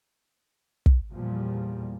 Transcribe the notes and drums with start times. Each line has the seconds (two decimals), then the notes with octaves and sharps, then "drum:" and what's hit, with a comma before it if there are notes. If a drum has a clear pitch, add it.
0.86 drum: kick
1.11 E2 A#2 F3 G3